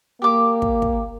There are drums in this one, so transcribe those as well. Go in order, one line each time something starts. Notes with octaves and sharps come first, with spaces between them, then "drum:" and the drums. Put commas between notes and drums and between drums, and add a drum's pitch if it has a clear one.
A#3 G4 D6
drum: kick
drum: kick